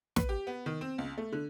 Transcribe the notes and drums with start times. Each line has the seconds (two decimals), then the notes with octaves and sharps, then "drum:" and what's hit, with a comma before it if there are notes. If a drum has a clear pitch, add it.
0.16 B4, drum: snare
0.29 G4
0.47 B3
0.66 D#3
0.81 C4
0.98 C#2
1.18 A3
1.32 D3